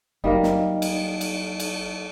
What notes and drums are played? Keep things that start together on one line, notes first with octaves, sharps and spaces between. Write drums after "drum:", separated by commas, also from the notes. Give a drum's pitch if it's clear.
F#1 F#3 G3 A#3 D#4 A#4 D#5
drum: snare
drum: cymbal
drum: cymbal
drum: cymbal